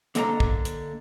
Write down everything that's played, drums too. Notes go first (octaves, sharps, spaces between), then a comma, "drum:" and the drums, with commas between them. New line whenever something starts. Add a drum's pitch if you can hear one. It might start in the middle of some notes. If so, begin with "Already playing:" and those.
D3 A#3 A4 D#5 F#5 A#5, drum: hi-hat
drum: kick
drum: hi-hat